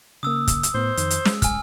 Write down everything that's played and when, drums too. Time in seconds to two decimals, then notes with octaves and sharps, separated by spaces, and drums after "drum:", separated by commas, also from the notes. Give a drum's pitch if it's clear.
0.23 C#3 A#3 D#6 E6
0.47 drum: kick, hi-hat
0.63 drum: hi-hat
0.75 A2 B3 C5
0.97 F2 D#3, drum: hi-hat
1.10 drum: hi-hat
1.25 G#3, drum: snare
1.42 G#5 F6, drum: kick, hi-hat